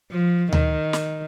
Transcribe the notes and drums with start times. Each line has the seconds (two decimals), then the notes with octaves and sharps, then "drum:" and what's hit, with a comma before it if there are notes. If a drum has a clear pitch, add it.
0.11 F3
0.53 D#3, drum: tom D2
0.93 drum: snare